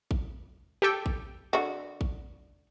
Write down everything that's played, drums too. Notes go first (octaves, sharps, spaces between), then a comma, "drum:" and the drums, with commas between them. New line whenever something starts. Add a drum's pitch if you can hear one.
drum: kick A1
G4 A4 G5
drum: kick A1
D3 F#4
drum: kick A1